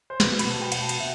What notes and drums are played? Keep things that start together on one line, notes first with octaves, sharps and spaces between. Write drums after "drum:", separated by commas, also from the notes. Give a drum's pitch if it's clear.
C5
B2 B4, drum: snare
B5, drum: cymbal
B2 A5
G5
B2 F#5, drum: cymbal
A5
G5, drum: cymbal
B2 E5